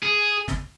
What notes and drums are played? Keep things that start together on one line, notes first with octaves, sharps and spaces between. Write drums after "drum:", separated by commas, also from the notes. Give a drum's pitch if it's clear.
G#4
drum: snare